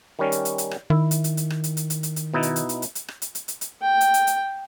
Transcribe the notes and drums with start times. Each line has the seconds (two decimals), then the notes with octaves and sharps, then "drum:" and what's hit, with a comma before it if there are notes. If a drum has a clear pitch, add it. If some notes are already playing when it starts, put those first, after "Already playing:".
0.19 D#3 G3 C#4
0.32 drum: hi-hat
0.45 drum: hi-hat
0.58 drum: hi-hat
0.71 drum: rim click
0.90 D#3 E4
1.11 drum: hi-hat
1.24 drum: hi-hat
1.37 drum: hi-hat
1.50 drum: rim click
1.64 drum: hi-hat
1.77 drum: hi-hat
1.90 drum: hi-hat
2.03 drum: hi-hat
2.16 drum: hi-hat
2.34 B2 D#4 E4
2.43 drum: hi-hat
2.56 drum: hi-hat
2.69 drum: hi-hat
2.82 drum: hi-hat
2.95 drum: hi-hat
3.08 drum: rim click
3.22 drum: hi-hat
3.35 drum: hi-hat
3.48 drum: hi-hat
3.61 drum: hi-hat
3.82 G5
4.01 drum: hi-hat
4.14 drum: hi-hat
4.27 drum: hi-hat